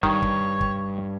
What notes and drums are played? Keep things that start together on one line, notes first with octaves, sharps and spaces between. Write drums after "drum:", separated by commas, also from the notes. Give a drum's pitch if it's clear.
G2 D#3 C#5, drum: kick
drum: kick
drum: kick